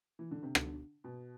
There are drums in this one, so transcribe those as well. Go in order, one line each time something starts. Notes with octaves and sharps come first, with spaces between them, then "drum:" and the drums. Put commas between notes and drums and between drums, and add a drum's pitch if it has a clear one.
E3
D3
C3
D3, drum: rim click
B2